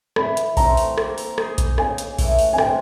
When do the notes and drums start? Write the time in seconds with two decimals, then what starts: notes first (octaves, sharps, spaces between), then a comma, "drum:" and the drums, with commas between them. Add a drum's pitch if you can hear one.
0.16 E3 B5, drum: rim click
0.37 drum: hi-hat
0.57 A3 C4 A#5, drum: kick A#1, open hi-hat
0.77 drum: open hi-hat
0.98 A#3, drum: rim click
1.18 drum: open hi-hat
1.38 D#4 G#4, drum: rim click
1.58 drum: kick A#1, hi-hat
1.78 C#3 G#5, drum: rim click
1.98 drum: hi-hat
2.19 E3 A3, drum: kick A#1, open hi-hat
2.39 drum: open hi-hat
2.53 G#5
2.58 C3 G5, drum: rim click